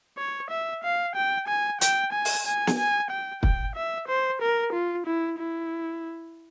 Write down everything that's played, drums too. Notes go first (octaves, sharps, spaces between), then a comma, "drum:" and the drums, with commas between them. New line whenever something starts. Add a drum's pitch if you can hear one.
C#5
E5
F5
G5
G#5
G5, drum: hi-hat
G#5
drum: open hi-hat
G#5
drum: snare
G#5
G5
G5, drum: kick
E5
C5
A#4
F4
E4
E4